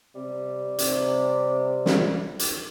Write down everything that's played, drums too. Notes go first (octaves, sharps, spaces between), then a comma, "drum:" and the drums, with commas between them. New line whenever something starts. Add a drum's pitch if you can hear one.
C3 G3
C3, drum: hi-hat
drum: snare
drum: hi-hat